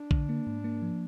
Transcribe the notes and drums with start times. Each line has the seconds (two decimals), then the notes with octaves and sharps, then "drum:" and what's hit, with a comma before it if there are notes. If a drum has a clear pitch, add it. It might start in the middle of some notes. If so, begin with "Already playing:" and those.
Already playing: D4
0.11 D3, drum: kick
0.29 A#3
0.47 G#2
0.64 A#3
0.82 F3